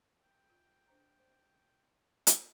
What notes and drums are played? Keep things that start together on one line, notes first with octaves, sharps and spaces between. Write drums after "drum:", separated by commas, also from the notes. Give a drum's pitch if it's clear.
G5
F4
D4 C5 A#5
C5
drum: hi-hat